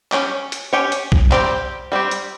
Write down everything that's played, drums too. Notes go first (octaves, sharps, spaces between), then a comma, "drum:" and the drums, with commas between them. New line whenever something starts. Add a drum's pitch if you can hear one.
C#4 G4 C#5, drum: clap
drum: hi-hat
C#4 G4 C#5
drum: hi-hat
drum: kick
G3 C4 G4, drum: clap
G3 C4 G4
drum: hi-hat